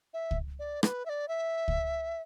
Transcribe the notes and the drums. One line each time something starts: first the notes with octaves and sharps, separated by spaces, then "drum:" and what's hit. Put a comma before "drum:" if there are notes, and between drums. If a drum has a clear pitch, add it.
E5
drum: kick C#2
D5
B4, drum: rim click
E5
D5
E5
drum: kick C#2